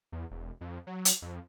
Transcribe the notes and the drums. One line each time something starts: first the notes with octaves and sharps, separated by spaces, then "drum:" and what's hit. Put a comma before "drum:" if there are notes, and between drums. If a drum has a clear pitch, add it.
E2
E1
F2
F#3
drum: hi-hat
F2